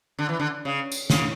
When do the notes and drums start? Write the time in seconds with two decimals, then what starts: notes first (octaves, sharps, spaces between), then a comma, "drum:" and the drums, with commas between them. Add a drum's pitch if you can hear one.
0.19 D3
0.29 E3
0.40 D3
0.65 C#3
0.92 drum: tambourine
1.10 C#3, drum: snare